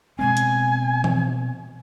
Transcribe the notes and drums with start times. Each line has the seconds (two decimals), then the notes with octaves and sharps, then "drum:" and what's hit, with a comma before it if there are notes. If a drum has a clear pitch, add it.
0.19 B2 G#3 C4 G#5
0.37 drum: hi-hat
1.04 drum: tom E3